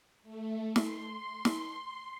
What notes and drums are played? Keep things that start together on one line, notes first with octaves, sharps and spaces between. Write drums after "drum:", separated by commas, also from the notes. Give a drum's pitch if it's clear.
A3
C6, drum: snare
drum: snare